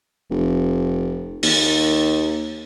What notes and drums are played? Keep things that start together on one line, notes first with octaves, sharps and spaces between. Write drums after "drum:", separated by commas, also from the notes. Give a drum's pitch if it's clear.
F1
D#2, drum: open hi-hat